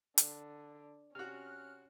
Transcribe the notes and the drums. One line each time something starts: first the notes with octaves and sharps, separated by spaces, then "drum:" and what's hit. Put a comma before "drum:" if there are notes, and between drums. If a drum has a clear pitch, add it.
D3, drum: hi-hat
C3 C#4 F#4 F6 F#6